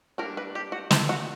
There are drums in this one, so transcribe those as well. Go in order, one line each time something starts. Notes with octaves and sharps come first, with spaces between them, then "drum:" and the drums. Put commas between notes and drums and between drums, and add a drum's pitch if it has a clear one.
G3 A#3 D4 A#4
B4
G4
F#4
E4, drum: snare
F#4